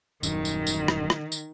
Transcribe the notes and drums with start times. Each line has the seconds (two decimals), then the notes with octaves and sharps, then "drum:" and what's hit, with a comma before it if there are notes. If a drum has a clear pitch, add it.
0.23 D#1 F#2 D#3, drum: tambourine
0.45 drum: tambourine
0.67 drum: tambourine
0.88 drum: rim click
1.10 drum: rim click
1.32 drum: tambourine